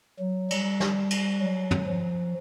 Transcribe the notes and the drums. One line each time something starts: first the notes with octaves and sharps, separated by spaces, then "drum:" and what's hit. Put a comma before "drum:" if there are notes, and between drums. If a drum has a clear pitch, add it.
F#3
G3, drum: cymbal
drum: snare
drum: cymbal
F#3
drum: tom
F3